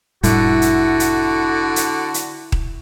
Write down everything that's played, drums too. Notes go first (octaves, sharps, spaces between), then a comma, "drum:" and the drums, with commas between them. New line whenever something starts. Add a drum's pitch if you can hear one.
F1 A2 D3 G3 E4 F#4, drum: hi-hat
drum: hi-hat
drum: hi-hat
drum: hi-hat
drum: hi-hat
drum: kick D#1